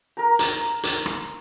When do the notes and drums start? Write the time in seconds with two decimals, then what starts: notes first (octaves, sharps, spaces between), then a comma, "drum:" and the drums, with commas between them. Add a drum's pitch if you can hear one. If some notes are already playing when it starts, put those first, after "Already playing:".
0.17 A#4 A#5
0.39 drum: hi-hat
0.83 drum: hi-hat
1.06 drum: rim click